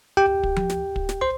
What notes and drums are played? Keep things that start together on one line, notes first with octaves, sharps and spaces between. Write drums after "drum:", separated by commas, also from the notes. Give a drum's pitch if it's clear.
G4 G5
drum: kick
drum: tom F3
drum: snare
drum: kick
drum: snare
C5 C6